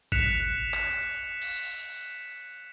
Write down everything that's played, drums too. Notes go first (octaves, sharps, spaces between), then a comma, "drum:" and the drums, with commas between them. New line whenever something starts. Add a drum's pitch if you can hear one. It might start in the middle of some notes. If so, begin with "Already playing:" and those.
F#6 B6 C#7 E7 F7, drum: kick G1
drum: clap
drum: tambourine
drum: cymbal